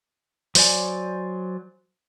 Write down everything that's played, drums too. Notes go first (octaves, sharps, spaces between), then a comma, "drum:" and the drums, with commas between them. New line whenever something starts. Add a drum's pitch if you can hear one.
F#3 C5 D5 G#5, drum: open hi-hat